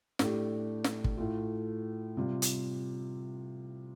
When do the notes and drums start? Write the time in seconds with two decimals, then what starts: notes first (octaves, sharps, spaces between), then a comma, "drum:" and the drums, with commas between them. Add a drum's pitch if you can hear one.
0.19 A2 A3 D4 G4, drum: snare
0.84 drum: snare
1.04 drum: kick
1.17 A2 A3 F4
2.17 C3 G3 F4
2.42 drum: hi-hat